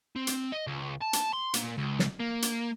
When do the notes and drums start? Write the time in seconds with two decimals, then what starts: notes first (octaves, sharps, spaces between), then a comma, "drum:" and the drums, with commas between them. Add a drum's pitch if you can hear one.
0.16 C4
0.27 drum: hi-hat
0.52 D#5
0.67 C#2
1.02 A5
1.13 drum: hi-hat
1.33 C6
1.54 A#2, drum: hi-hat
1.78 C#2
1.99 drum: snare
2.20 A#3
2.42 drum: hi-hat